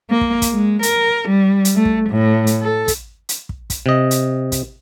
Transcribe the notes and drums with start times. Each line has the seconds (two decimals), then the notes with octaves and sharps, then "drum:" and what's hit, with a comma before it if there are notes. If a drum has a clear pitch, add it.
0.11 A#3
0.21 drum: kick
0.42 drum: kick, hi-hat
0.53 G#3
0.83 A#4, drum: hi-hat
1.29 G3
1.65 drum: hi-hat
1.75 A3
1.85 drum: kick
2.10 A2
2.47 drum: hi-hat
2.62 A4
2.88 drum: kick, hi-hat
3.29 drum: hi-hat
3.49 drum: kick
3.70 drum: kick, hi-hat
3.86 C3 D#5
4.11 drum: hi-hat
4.52 drum: kick, hi-hat